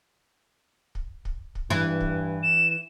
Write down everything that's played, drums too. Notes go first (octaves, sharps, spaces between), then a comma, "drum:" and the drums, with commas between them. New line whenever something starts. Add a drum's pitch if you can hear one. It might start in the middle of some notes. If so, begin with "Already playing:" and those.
drum: kick
drum: kick
drum: kick
G2 E3 E4
drum: kick
E7